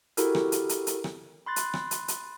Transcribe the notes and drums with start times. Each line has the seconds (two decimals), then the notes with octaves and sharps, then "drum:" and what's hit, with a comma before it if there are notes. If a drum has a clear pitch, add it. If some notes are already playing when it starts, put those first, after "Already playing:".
0.17 E4 F#4 G4 A4 A#4, drum: hi-hat
0.35 drum: rim click
0.52 drum: hi-hat
0.69 drum: hi-hat
0.87 drum: hi-hat
1.04 drum: rim click
1.46 B5 C6 F#6 A6
1.56 drum: hi-hat
1.74 drum: rim click
1.91 drum: hi-hat
2.08 drum: hi-hat